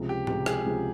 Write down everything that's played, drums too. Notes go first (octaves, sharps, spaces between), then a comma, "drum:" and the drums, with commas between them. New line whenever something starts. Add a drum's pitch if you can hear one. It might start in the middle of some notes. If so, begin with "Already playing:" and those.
Already playing: C#2 C3 F3
G4
C#2 C3 F3 G4, drum: tom A2
G#4, drum: rim click
C#2 C3 F3